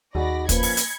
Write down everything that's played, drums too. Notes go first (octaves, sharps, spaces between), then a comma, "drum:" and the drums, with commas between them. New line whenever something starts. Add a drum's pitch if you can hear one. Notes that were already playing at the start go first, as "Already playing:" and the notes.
D#2 D#4 F#4 G#4 D5 B5 A#6
F3 A#3 C#4 B4 B5 G#6 C#7, drum: kick, hi-hat
drum: open hi-hat
drum: hi-hat